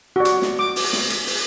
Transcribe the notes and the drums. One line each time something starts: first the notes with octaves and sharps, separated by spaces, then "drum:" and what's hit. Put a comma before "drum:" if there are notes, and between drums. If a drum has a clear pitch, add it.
F#4 D5
drum: hi-hat
drum: snare
D6
drum: open hi-hat
drum: snare
drum: hi-hat
drum: open hi-hat